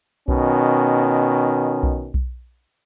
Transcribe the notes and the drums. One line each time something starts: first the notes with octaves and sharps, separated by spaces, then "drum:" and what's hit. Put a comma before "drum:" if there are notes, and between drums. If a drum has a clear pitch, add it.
B2 D#3 C#4, drum: kick B1
drum: kick B1
drum: kick B1